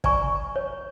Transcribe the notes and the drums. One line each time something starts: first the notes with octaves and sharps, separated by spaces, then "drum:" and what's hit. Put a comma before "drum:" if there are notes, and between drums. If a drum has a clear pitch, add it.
D5 G#5 A#5 C#6, drum: kick
C#5